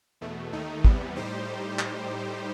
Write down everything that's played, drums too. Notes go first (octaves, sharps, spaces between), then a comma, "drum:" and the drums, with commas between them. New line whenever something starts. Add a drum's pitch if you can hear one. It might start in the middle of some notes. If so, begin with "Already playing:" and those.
E2 B2 A3
D#2 D#3 A3 D#4
E2 C3 E3 G3 B3, drum: kick
A2 G3 D#4 G4 C5
drum: clap